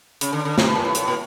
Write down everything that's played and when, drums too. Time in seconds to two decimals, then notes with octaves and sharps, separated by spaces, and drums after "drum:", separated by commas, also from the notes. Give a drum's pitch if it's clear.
0.21 C#3, drum: hi-hat
0.33 D3
0.45 D3
0.58 C3, drum: snare
0.67 B2
0.75 A#2
0.85 A2
0.95 A2, drum: hi-hat
1.08 A#2